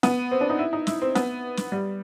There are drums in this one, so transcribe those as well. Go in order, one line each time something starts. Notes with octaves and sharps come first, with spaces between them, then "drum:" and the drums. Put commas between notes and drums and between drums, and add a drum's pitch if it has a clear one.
B3, drum: snare
C4
D4
D#4
E4
D#4
E4, drum: snare
C4
B3, drum: snare
drum: snare
G3